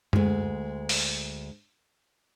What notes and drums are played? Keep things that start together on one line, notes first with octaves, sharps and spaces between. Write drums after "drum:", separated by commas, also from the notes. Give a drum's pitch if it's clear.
D2 G#3, drum: tom F#2
drum: open hi-hat